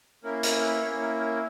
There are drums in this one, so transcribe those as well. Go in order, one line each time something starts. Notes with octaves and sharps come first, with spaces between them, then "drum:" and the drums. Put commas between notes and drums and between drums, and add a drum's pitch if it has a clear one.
A#3 C#4 E4 A#4
A#4, drum: hi-hat
B4
A#3 C#4 E4 C#5
A#4
A#4